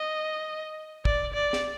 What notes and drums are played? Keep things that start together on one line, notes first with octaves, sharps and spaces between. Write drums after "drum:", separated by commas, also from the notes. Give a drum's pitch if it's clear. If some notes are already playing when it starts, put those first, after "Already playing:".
Already playing: D#5
D5, drum: kick
D5
drum: snare